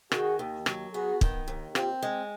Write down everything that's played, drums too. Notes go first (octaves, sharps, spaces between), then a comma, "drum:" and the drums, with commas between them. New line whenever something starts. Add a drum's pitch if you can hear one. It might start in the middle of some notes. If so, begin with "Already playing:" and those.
D#3 F#4 G#4, drum: rim click
D#2
F#3, drum: rim click
B3 F#4 G#4
D#3, drum: kick
D#2
C4 F4 G4, drum: rim click
G#3